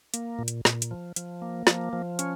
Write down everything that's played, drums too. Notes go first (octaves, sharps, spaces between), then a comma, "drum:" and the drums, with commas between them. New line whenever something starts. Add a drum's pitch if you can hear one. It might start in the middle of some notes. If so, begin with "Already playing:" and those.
A#3, drum: hi-hat
A#2
drum: hi-hat
A#2, drum: snare
drum: hi-hat
F3
F3, drum: hi-hat
A#3
F3, drum: snare
F3
C#4, drum: hi-hat